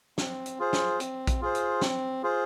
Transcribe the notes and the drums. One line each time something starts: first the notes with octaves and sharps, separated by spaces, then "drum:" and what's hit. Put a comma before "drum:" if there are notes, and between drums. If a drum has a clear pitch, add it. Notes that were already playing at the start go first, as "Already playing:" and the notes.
C4, drum: snare
drum: hi-hat
F4 G#4 C5
drum: snare
C4, drum: hi-hat
drum: kick A#1, hi-hat
F4 G#4 C5
drum: hi-hat
C4, drum: snare
F4 G#4 C5